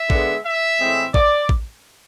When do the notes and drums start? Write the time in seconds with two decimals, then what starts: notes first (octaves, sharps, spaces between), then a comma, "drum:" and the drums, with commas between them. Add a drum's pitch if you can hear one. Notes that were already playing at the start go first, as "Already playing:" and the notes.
Already playing: E5
0.10 D3 G#3 B3, drum: kick
0.45 E5
0.80 A2 E3 G#3 C4
1.14 D5, drum: kick
1.49 drum: kick